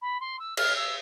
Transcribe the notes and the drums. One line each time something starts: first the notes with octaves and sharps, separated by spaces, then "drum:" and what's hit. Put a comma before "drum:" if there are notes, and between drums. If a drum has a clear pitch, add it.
B5
C6
E6
F6, drum: cymbal
E6